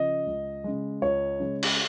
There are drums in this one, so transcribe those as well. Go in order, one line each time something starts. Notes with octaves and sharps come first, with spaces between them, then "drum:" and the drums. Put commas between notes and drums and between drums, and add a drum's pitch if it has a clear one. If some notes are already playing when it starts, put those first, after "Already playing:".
Already playing: C#3 F3 D#5
C#2
C#3 G#3
C#2 C#5
C#3 G#3
drum: cymbal